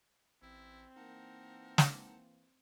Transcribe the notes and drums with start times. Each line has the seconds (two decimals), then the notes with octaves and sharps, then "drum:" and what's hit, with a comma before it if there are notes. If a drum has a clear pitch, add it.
0.42 A1 C4 E4
0.96 E3 A#3 D#4 A#4 F#5 A5
1.78 drum: snare